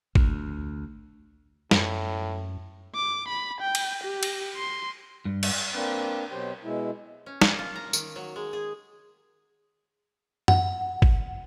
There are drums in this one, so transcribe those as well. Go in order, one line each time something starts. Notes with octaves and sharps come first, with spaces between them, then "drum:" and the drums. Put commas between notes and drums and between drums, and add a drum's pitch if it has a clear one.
D2, drum: kick G#1
F#2 A2, drum: snare
D6
B5
G5
drum: cymbal
G4
drum: cymbal
C6
G2
drum: cymbal
A#3 C4 D4 B4
B2 F#3 G4 C5 G5
B2 G#3 E4
C#4
A#3, drum: snare
F4
A#5
D#3, drum: tambourine
F#3
G#3
G#4
F#5, drum: tom F#2
drum: kick G#1